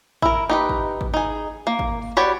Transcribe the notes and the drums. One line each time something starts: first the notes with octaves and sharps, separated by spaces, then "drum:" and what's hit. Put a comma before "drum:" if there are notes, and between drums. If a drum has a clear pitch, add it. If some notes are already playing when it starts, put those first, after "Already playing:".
E4 A#4, drum: kick G#1
D#4 G4 B4
drum: kick G#1
drum: kick G#1
D#4 G#4
A#3
drum: kick G#1
F#4 G4 B4 C#5 D5